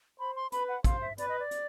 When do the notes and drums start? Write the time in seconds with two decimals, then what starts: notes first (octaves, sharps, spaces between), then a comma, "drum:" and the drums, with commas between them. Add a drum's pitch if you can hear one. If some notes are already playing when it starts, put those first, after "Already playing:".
0.20 C5 B5
0.36 C6
0.52 B4 B5, drum: hi-hat
0.68 F#5
0.84 C5 F5, drum: kick, hi-hat
1.01 E5
1.18 B4 D5, drum: hi-hat
1.29 D#5
1.40 D5
1.51 drum: hi-hat